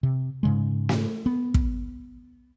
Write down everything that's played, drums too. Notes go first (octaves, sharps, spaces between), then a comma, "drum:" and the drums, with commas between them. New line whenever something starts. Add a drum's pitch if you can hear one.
C3
G#2 C#3 G#3
drum: snare
B3
drum: kick